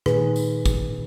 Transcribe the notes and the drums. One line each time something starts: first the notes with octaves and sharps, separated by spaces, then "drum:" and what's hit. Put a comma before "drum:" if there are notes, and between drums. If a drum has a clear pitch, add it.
A#2 D#3 G#4 B4, drum: rim click
drum: tambourine
drum: kick, tambourine